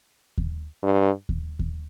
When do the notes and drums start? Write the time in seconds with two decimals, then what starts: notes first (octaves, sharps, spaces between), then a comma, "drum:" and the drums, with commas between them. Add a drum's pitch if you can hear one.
0.38 drum: kick D#2
0.83 G2
1.29 drum: kick D#2
1.59 drum: kick D#2